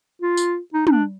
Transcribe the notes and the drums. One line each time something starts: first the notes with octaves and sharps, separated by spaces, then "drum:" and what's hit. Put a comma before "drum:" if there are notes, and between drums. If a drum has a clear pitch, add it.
F4
drum: tambourine
D#4
D#4, drum: tom
D4